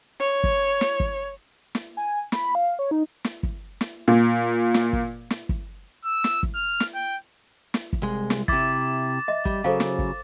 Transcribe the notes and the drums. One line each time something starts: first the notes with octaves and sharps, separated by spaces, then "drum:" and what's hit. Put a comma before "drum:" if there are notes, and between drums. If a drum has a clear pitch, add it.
C#5
drum: kick
drum: snare
drum: kick
drum: snare
G#5
B5, drum: snare
F5
C#5
D#4
drum: snare
drum: kick
drum: snare
A#2
drum: snare
drum: kick
drum: snare
drum: kick
E6
drum: snare
drum: kick
F6
drum: snare
G5
drum: snare
drum: kick
C2 G#3
drum: snare
C3 E4 D6 A6, drum: kick
D#5 E5
G3, drum: kick
C#3 F#3 A4 C5 F5
drum: snare
drum: kick